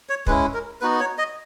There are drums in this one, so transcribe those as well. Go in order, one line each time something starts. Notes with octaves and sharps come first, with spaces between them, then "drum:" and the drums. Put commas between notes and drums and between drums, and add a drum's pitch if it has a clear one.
C#5
G#3 C#4 E4 B4, drum: kick
A#4
B3 D#4 F#4 B4
C#5
D#5